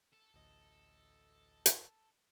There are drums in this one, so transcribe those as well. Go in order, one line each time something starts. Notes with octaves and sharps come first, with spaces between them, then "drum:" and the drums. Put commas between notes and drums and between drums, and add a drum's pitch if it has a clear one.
A4
A1 D2 D#5
drum: hi-hat